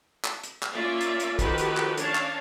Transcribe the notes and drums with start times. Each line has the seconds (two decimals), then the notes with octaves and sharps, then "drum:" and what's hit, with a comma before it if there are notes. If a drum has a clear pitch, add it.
0.24 drum: clap
0.44 drum: hi-hat
0.63 drum: clap
0.73 A#3 C#4 F4 D5 E5
1.01 drum: hi-hat
1.20 drum: hi-hat
1.39 D#3 F3 F#4 G4 A4 B4, drum: kick, hi-hat
1.58 drum: hi-hat
1.77 drum: clap
1.98 C#4 D4 C#5 F5 A5, drum: hi-hat
2.15 drum: clap